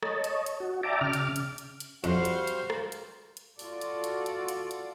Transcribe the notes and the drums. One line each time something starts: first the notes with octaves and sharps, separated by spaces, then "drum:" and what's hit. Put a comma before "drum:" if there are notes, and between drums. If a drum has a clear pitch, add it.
C#5 D#5 A5, drum: rim click
drum: hi-hat
drum: hi-hat
F#4
D5 E5 G5 A5 A#5 D6
C#3 D6 F6
drum: hi-hat
drum: hi-hat
drum: hi-hat
drum: hi-hat
F2 G3 F#4 C5 F5, drum: hi-hat
drum: hi-hat
drum: hi-hat
drum: rim click
drum: hi-hat
drum: hi-hat
F4 F#4 A4 D5, drum: open hi-hat
drum: hi-hat
drum: hi-hat
drum: hi-hat
drum: hi-hat
drum: hi-hat